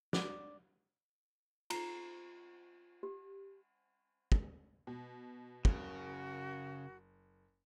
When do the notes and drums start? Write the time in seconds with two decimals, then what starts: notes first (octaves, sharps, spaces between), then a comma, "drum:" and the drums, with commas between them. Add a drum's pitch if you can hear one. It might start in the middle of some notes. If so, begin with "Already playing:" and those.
0.13 D4, drum: snare
1.70 F4 A#5 C7, drum: cymbal
3.03 G4
4.32 drum: kick
4.87 B2
5.65 F#1 C#3 F#4 A#4, drum: kick